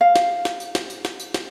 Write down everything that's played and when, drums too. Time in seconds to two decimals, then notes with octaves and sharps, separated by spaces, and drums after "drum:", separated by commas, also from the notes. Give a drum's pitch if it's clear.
0.01 F5
0.16 drum: snare
0.45 drum: snare
0.60 drum: tambourine
0.75 drum: snare
0.90 drum: tambourine
1.05 drum: snare
1.20 drum: tambourine
1.34 drum: snare